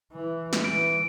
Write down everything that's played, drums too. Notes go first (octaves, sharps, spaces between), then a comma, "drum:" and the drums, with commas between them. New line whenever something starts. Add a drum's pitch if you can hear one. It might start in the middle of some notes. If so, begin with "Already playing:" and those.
E3
drum: snare
E3 D7